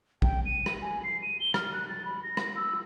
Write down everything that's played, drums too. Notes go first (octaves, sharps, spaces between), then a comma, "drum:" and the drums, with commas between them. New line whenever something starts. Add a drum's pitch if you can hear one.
G5, drum: kick
D#7
drum: rim click
G#5
C7
D#7
G7
F6, drum: rim click
F#6
A6
B5
A#6
drum: rim click
E6